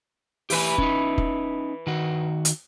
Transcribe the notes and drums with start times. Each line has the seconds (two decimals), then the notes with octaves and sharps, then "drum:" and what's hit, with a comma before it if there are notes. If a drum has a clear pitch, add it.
0.50 E3 G4 B4 E5 G#5, drum: open hi-hat
0.78 C#4 D#4, drum: kick F1
1.18 drum: kick F1
1.87 D#3 F#4
2.45 drum: hi-hat